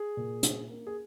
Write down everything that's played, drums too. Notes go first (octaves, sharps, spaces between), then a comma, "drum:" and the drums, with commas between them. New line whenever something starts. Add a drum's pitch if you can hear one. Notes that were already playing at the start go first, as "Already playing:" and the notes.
Already playing: G#4
A#2
A#2, drum: hi-hat
A#3
G#4